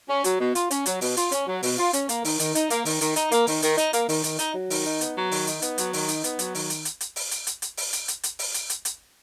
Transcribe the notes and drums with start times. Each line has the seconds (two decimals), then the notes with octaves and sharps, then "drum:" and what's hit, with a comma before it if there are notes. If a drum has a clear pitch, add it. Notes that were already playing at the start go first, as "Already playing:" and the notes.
0.09 C#4
0.24 F#3, drum: hi-hat
0.40 B2
0.55 F4, drum: hi-hat
0.71 C#4, drum: hi-hat
0.86 F#3, drum: hi-hat
1.01 B2, drum: open hi-hat
1.17 F4, drum: hi-hat
1.32 C#4, drum: hi-hat
1.47 F#3
1.63 B2, drum: open hi-hat
1.78 F4
1.93 C#4, drum: hi-hat
2.09 A#3, drum: hi-hat
2.25 D#3, drum: open hi-hat
2.39 D#3, drum: hi-hat
2.55 D#4, drum: hi-hat
2.70 A#3, drum: hi-hat
2.85 D#3, drum: open hi-hat
3.01 D#3, drum: hi-hat
3.16 D#4, drum: hi-hat
3.32 A#3, drum: hi-hat
3.47 D#3, drum: open hi-hat
3.62 D#3, drum: hi-hat
3.78 D#4, drum: hi-hat
3.93 A#3, drum: hi-hat
4.09 D#3, drum: open hi-hat
4.24 D#3, drum: hi-hat
4.39 D#4, drum: hi-hat
4.54 F#3
4.70 D#3, drum: open hi-hat
4.85 D#4
5.01 B3, drum: hi-hat
5.17 F#3
5.31 D#3, drum: open hi-hat
5.47 D#4, drum: hi-hat
5.62 B3, drum: hi-hat
5.78 F#3, drum: hi-hat
5.93 D#3, drum: open hi-hat
6.08 D#4, drum: hi-hat
6.24 B3, drum: hi-hat
6.39 F#3, drum: hi-hat
6.55 D#3, drum: open hi-hat
6.70 drum: hi-hat
6.85 drum: hi-hat
7.01 drum: hi-hat
7.16 drum: open hi-hat
7.31 drum: hi-hat
7.47 drum: hi-hat
7.62 drum: hi-hat
7.77 drum: open hi-hat
7.93 drum: hi-hat
8.08 drum: hi-hat
8.23 drum: hi-hat
8.39 drum: open hi-hat
8.54 drum: hi-hat
8.70 drum: hi-hat
8.85 drum: hi-hat